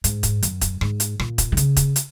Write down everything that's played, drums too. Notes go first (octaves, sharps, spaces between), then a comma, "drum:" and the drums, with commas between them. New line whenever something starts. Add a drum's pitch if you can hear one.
G#2, drum: hi-hat
drum: kick E1, hi-hat
F#2, drum: hi-hat
drum: kick E1, hi-hat
G#2, drum: rim click
drum: hi-hat
A#2, drum: rim click
drum: kick E1, hi-hat
D#3
C#3, drum: hi-hat
drum: kick E1, hi-hat
drum: hi-hat